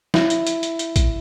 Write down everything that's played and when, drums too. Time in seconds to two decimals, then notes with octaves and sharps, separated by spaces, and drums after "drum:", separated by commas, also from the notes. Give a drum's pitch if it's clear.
0.14 E4, drum: snare
0.30 drum: hi-hat
0.47 drum: hi-hat
0.63 drum: hi-hat
0.79 drum: hi-hat
0.96 drum: kick, hi-hat